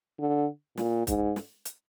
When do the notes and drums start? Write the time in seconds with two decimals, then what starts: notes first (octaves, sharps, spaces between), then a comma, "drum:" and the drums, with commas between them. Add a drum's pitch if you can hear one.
0.20 D3
0.77 A#2, drum: snare
1.07 G#2, drum: kick, hi-hat
1.36 drum: snare
1.65 drum: hi-hat